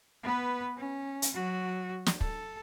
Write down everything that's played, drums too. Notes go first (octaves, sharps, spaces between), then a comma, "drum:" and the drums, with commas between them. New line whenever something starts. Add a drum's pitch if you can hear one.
B3 B4
C#4
drum: hi-hat
F#3 F#4
drum: snare
A4, drum: kick